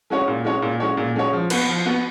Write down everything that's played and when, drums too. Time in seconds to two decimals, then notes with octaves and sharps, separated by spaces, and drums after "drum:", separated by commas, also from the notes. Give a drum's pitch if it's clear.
0.10 G#3 C#4 F#4 C#5
0.28 A#2
0.45 G#3 C#4 F#4 C#5
0.62 A#2
0.80 G#3 C#4 F#4 C#5
0.97 A#2
1.16 G#3 C#4 F#4 C#5
1.33 F3
1.50 B3 F#4 B4, drum: cymbal
1.69 F3
1.86 B3 F#4 B4